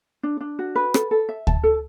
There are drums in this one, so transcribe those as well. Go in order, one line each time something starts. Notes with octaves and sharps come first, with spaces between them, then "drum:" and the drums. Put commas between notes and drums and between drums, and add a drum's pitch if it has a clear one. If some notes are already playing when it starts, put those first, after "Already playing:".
D4
D4
F#4
B4
A4, drum: rim click
A4
E5
A5, drum: kick D2
A4